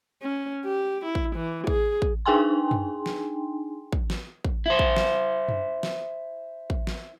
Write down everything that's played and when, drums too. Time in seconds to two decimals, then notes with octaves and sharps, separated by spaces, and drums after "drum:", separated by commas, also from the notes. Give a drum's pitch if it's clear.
0.22 C#4
0.65 G4
1.05 E4
1.15 drum: kick
1.36 E3
1.67 G#4, drum: kick
2.02 drum: kick
2.26 D4 D#4 G#4 G5 G#5 C6
2.71 drum: tom F#2
3.06 drum: snare
3.93 drum: kick
4.10 drum: snare
4.45 drum: kick
4.66 E4 C5
4.79 drum: kick
4.97 drum: snare
5.49 drum: tom F#2
5.83 drum: snare
6.70 drum: kick
6.87 drum: snare